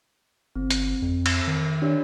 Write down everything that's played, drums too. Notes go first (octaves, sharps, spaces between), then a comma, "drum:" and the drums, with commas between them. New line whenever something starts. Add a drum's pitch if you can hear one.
G1 C4
drum: hi-hat
F2
drum: cymbal
D#3
D4 G4 C#5